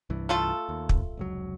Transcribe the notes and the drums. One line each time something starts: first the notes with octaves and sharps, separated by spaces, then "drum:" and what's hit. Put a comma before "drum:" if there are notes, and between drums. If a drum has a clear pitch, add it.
C2 G2 E3
A3 F4 A4
D#2
drum: kick
F1 C#2 F#3